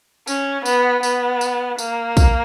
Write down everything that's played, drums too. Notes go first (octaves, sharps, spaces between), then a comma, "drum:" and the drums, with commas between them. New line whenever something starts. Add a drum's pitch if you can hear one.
C#4, drum: tambourine
B3, drum: tambourine
B3, drum: tambourine
drum: tambourine
A#3, drum: tambourine
drum: kick, tambourine